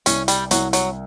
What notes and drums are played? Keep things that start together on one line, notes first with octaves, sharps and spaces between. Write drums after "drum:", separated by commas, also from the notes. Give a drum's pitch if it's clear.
C2 C#4, drum: hi-hat
G3, drum: hi-hat
C2 F#3, drum: hi-hat
F#3, drum: hi-hat